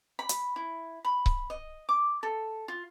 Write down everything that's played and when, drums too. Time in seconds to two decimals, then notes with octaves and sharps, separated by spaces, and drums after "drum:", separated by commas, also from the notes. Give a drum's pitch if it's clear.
0.19 B5
0.29 drum: hi-hat
0.56 E4
1.05 B5
1.26 drum: kick C#1
1.50 D#5
1.89 D6
2.23 A4
2.68 F4